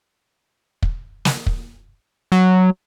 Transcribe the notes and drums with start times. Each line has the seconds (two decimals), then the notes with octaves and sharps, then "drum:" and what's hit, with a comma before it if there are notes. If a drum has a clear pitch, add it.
0.83 drum: kick
1.25 drum: snare
1.46 drum: kick
2.32 F#3